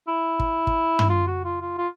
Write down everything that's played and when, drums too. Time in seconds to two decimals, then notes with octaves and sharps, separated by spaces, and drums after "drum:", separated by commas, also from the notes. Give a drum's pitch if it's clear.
0.08 E4
0.39 drum: kick
0.67 drum: kick
0.99 drum: tom
1.10 F4
1.27 F#4
1.45 F4
1.62 F4
1.78 F4